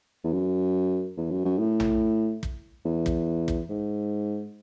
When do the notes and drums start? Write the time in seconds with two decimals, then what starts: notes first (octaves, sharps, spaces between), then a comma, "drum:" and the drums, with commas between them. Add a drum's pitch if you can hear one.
0.24 E2
0.33 F#2
1.17 E2
1.31 F#2
1.45 F#2
1.59 A2
1.80 drum: tom A#1
2.43 drum: kick
2.85 E2
3.06 drum: kick
3.48 drum: kick
3.69 G#2